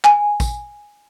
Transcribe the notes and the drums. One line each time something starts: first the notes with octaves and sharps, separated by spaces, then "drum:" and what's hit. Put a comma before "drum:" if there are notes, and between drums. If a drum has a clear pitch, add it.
G#5, drum: clap
drum: kick, tambourine